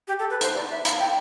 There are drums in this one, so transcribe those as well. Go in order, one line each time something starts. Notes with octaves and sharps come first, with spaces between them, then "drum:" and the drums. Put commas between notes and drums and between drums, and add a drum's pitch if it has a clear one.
G4
A4
B4
C5, drum: hi-hat
D5
E5
F5, drum: hi-hat
G5